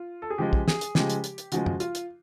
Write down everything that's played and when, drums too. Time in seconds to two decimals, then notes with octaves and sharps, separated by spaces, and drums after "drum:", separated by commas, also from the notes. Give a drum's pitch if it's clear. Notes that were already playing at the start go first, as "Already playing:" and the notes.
Already playing: F4
0.22 A4
0.30 G#4
0.38 C#3 F3 G#3 G4
0.53 drum: kick
0.68 G#4, drum: snare
0.81 drum: hi-hat
0.95 C#3 F3 G#3 G4, drum: snare
1.10 drum: hi-hat
1.24 drum: hi-hat
1.38 drum: hi-hat
1.52 C#3 F3 G#3 F#4, drum: hi-hat
1.66 drum: tom F#2
1.80 F4, drum: hi-hat
1.95 drum: hi-hat